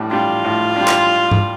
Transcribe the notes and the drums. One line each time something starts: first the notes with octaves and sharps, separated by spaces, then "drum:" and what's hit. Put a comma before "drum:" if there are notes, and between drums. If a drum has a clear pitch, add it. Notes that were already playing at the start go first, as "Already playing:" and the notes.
Already playing: A2 G3 D4
G3 D4 F4
A2
G3 D4
drum: clap
drum: tom G#2